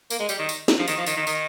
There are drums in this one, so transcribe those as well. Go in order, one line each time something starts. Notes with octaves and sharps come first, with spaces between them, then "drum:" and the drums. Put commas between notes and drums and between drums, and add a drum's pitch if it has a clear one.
A#3, drum: tambourine
G#3
G3, drum: tambourine
D#3
drum: tambourine
drum: snare
F3
D#3, drum: tambourine
F3
D#3, drum: tambourine
D#3
D#3, drum: tambourine